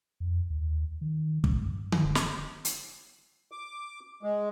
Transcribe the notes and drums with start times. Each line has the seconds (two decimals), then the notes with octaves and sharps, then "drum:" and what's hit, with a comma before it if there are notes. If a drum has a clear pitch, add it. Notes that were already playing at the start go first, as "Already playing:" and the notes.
0.20 F2
0.50 D#2
1.01 D#3
1.44 A1, drum: kick
1.63 G2
1.92 drum: tom D3
2.04 D#1
2.15 drum: snare
2.65 drum: hi-hat
3.52 D6
4.23 G#3